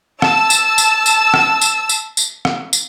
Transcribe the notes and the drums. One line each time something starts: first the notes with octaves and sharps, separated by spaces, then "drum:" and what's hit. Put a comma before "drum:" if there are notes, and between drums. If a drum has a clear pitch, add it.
A5 E6, drum: rim click
drum: tambourine
drum: tambourine
drum: tambourine
drum: rim click
drum: tambourine
drum: tambourine
drum: tambourine
drum: rim click
drum: tambourine